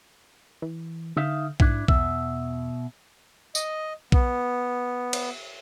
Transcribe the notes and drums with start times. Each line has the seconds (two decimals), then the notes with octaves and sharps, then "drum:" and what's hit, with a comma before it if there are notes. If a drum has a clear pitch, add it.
0.62 E3
1.17 D3 D#4 E5 F5
1.60 G#2 D4 E4, drum: kick A#1
1.88 E2 B2 E5, drum: kick A#1
3.55 D#5, drum: tambourine
4.12 B3, drum: kick A#1
5.13 drum: cymbal